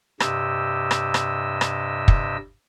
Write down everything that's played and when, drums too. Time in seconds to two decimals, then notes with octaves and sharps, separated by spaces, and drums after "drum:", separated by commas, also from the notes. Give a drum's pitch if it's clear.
0.20 G2 C3 G4 D#5 E6, drum: rim click
0.91 drum: rim click
1.14 drum: rim click
1.61 drum: rim click
2.08 drum: kick